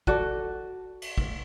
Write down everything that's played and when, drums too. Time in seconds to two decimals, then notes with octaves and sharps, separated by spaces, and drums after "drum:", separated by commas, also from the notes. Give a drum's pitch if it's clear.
0.07 F#4 A4 D5, drum: kick
1.02 drum: cymbal
1.18 drum: kick